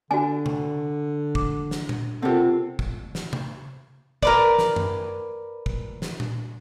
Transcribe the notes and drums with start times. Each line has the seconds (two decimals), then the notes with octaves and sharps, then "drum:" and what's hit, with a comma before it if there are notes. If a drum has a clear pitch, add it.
0.11 D3 D4 F#4 G#5
0.46 drum: tom C3
1.35 D6, drum: kick
1.71 drum: snare
1.89 drum: tom A#2
2.22 C3 C4 F4 A4 A#4 F#5
2.79 drum: kick
3.15 drum: snare
3.33 drum: tom C3
4.23 A#4 B4 D5, drum: kick
4.58 drum: snare
4.76 drum: tom F#2
5.66 drum: kick
6.02 drum: snare
6.20 drum: tom A#2